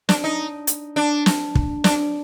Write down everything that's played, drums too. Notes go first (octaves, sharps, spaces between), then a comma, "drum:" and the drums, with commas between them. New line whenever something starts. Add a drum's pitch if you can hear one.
D4, drum: snare
D#4
drum: hi-hat
D4
drum: snare
drum: kick
D4, drum: snare